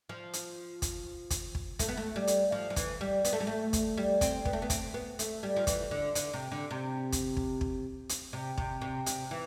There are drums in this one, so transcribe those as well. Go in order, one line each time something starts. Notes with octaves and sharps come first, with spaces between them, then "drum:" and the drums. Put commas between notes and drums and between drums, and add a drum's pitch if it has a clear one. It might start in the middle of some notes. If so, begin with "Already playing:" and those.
F3
drum: hi-hat
drum: kick, hi-hat
drum: kick, hi-hat
drum: kick
A3, drum: kick, hi-hat
B3
A3
G3
drum: hi-hat
F3
F3
E3, drum: kick, hi-hat
G3
B3, drum: hi-hat
A3
G3
A3
drum: kick, hi-hat
G3
C4, drum: kick, hi-hat
B3, drum: kick
A3
B3
C4, drum: kick, hi-hat
B3
A3, drum: hi-hat
G3
F3
E3, drum: kick, hi-hat
D3
D3, drum: hi-hat
C3
D3
C3
drum: kick, hi-hat
drum: kick
drum: kick
drum: hi-hat
C3
C3, drum: kick
C3
C3, drum: hi-hat
E3